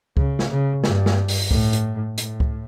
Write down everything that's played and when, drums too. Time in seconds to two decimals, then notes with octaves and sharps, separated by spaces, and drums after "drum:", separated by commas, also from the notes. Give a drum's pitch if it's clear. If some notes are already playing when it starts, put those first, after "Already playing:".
0.17 C#3, drum: kick C#2
0.39 drum: snare
0.50 C#3
0.84 G2, drum: snare
1.06 drum: snare
1.28 drum: open hi-hat
1.51 A2, drum: kick C#2
1.73 drum: hi-hat
2.18 A2, drum: hi-hat
2.40 drum: kick C#2